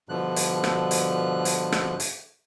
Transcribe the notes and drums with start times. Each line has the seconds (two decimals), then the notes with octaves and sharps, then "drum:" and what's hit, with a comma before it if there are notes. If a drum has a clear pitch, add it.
0.09 G2 B2 D3 F3 F#6
0.36 drum: hi-hat
0.64 drum: rim click
0.91 drum: hi-hat
1.45 drum: hi-hat
1.72 drum: rim click
2.00 drum: hi-hat